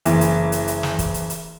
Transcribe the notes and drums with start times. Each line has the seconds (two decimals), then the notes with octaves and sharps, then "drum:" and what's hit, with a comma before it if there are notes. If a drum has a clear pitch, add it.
0.05 F#1 E3, drum: hi-hat
0.21 drum: hi-hat
0.52 drum: hi-hat
0.68 drum: hi-hat
0.83 drum: snare
0.99 drum: kick, hi-hat
1.14 drum: hi-hat
1.30 drum: hi-hat